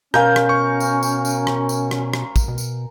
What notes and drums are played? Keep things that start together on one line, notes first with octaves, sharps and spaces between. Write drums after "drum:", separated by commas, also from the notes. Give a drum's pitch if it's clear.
B2 C#4 A#4 F5 G#5 G6, drum: rim click
drum: rim click
C#6
drum: tambourine
drum: tambourine
drum: tambourine
drum: rim click
drum: tambourine
drum: rim click
drum: rim click
drum: kick, tambourine
B2
drum: tambourine